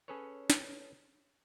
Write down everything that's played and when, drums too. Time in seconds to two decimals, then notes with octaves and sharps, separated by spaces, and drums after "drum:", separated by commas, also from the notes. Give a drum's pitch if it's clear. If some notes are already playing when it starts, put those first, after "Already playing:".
0.08 C#4 G#4 A4 B4 C#5
0.50 drum: snare